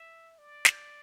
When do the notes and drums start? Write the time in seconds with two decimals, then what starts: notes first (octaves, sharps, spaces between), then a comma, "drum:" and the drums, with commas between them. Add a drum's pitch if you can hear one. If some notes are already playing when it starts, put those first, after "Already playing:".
Already playing: E5
0.39 D5
0.65 drum: snare